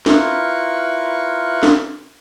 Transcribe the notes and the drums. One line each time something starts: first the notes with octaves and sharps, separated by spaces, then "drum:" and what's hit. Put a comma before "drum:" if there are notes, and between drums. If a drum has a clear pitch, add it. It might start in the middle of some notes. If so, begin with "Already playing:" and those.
E4 F4 A#4 B4 C#6, drum: snare
drum: snare